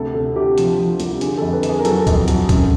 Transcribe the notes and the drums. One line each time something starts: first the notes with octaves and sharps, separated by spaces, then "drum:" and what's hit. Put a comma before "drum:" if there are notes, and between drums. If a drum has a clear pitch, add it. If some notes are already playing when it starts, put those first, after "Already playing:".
Already playing: D2 C3 A4
C3 A4
C3 G4
F3, drum: hi-hat
F3
C2, drum: hi-hat
D3 G#4, drum: hi-hat
F2 A4
B4
F2, drum: hi-hat
G#4
A#4
F#3 A4, drum: hi-hat
F2, drum: kick C#2, hi-hat
F#3, drum: hi-hat
F#2, drum: kick C#2, hi-hat